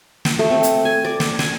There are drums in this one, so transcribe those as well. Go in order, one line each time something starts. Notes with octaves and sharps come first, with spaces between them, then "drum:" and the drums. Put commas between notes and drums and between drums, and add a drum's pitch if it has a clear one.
drum: snare
A3
C4
drum: hi-hat
G#5
D5
drum: snare
G#5, drum: snare